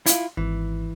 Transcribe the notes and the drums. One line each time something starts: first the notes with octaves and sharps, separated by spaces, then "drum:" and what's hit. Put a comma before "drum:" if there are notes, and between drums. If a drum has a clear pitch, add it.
E4 F4, drum: hi-hat
G#1 E3